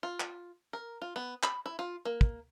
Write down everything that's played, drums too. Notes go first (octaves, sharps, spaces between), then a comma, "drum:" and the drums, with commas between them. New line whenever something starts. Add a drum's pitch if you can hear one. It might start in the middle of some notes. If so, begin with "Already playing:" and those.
F4
drum: clap
A#4
F4
B3
B5, drum: clap
E4
F4
A#3
drum: kick